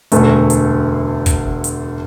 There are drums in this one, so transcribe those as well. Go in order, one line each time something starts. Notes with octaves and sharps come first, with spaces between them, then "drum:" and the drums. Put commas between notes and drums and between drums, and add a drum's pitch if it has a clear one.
E1 D2 D3 A3, drum: hi-hat
drum: hi-hat
drum: kick, hi-hat
drum: hi-hat